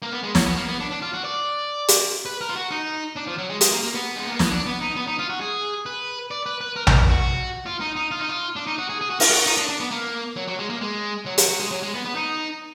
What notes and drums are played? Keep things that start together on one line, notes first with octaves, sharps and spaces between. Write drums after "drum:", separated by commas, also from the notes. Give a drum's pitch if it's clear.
A#3
B3
G#3
F#3, drum: snare
B3
A#3
B3
D4
D4
F4
F#4
D5
drum: hi-hat
B4
A#4
F4
F#4
D#4
D4
F3
F#3
G#3
G#3, drum: hi-hat
A#3
A#3
B3
G#3
A#3
B3, drum: snare
D4
B3
D#4
B3
D#4
F4
F#4
G#4
B4
D5
B4
B4
A#4
A#4, drum: tom A#1
F#4
F4
D#4
D#4
F4
D#4
F4
D4
D#4
F#4
G#4
G#4
F#4
F4, drum: open hi-hat
F#4
D#4
D4
D4
B3
A#3
F#3
F#3
G#3
A#3
G#3
F#3
F#3, drum: hi-hat
F#3
G#3
F#3
G#3
B3
B3
D#4